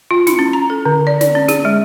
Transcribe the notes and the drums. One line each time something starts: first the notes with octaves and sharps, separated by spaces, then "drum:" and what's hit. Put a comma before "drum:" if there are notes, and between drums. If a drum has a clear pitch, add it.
F4
E4, drum: snare
C#4
A#5
A4
D3
D5
D5, drum: snare
C#4
G#4, drum: snare
G#3